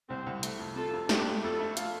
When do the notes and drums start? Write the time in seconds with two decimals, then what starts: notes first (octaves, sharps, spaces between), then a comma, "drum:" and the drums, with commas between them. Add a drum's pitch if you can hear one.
0.09 C2 C4
0.26 C2
0.43 A3, drum: hi-hat
0.59 F2
0.76 C3 F4 A4
0.93 F2
1.09 A3 D4 G4, drum: snare
1.27 A3
1.43 F2 F4 A4
1.60 A3
1.77 F4, drum: hi-hat